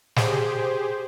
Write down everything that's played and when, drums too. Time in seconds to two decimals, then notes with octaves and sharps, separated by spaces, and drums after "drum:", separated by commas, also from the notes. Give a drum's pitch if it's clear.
0.16 G4 G#4 C5, drum: snare